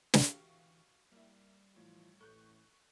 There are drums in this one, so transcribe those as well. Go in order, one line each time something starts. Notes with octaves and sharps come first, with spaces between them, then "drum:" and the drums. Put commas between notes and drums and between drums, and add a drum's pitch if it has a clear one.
drum: snare
D3 E3 F#4 G4 F5 G5 C#6
G3 A#3 E4
A2 E3 F3 F4
A1 A2 A4 C#6 F#6 G6